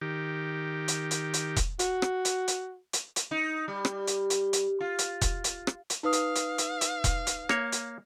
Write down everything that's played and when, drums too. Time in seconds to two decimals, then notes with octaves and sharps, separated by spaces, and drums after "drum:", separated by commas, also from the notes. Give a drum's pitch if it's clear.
0.01 D#3 G4
0.88 drum: hi-hat
1.11 drum: hi-hat
1.34 drum: hi-hat
1.57 drum: kick E1, hi-hat
1.79 F#4, drum: hi-hat
2.02 drum: rim click
2.25 drum: hi-hat
2.48 drum: hi-hat
2.93 drum: hi-hat
3.16 drum: hi-hat
3.31 D#4
3.68 G3
3.85 drum: rim click
4.07 drum: hi-hat
4.30 drum: hi-hat
4.53 drum: hi-hat
4.81 F4
4.99 drum: hi-hat
5.21 drum: kick E1, hi-hat
5.44 drum: hi-hat
5.67 drum: rim click
5.90 drum: hi-hat
6.03 D#4 B4 F5 D#6
6.13 drum: hi-hat
6.36 drum: hi-hat
6.58 drum: hi-hat
6.81 drum: hi-hat
7.04 drum: kick E1, hi-hat
7.27 drum: hi-hat
7.49 A#3 C#5, drum: rim click
7.72 drum: hi-hat